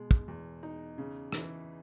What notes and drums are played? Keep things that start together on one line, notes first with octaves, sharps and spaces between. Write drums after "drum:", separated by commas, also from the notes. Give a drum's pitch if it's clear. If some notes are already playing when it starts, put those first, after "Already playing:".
Already playing: B2 G#3
drum: kick
E2
D#4
C#3
E3, drum: rim click